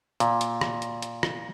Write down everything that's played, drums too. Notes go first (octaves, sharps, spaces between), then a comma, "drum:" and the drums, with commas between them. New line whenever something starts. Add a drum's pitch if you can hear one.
A#2, drum: hi-hat
drum: hi-hat
drum: rim click
drum: hi-hat
drum: hi-hat
drum: rim click